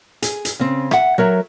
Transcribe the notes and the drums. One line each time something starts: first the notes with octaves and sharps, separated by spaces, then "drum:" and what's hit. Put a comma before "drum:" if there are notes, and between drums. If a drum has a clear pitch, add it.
G#4, drum: hi-hat
drum: hi-hat
C#3 C4
E5 F#5, drum: rim click
F#3 A#4 C#5 E5